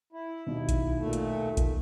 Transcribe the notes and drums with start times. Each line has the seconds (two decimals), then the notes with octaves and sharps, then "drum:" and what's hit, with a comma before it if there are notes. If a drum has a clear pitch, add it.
0.13 E4
0.47 D#2 B2 D#4
0.69 drum: kick A#1, hi-hat
0.98 A#2 A3
1.13 drum: hi-hat
1.57 drum: kick A#1, hi-hat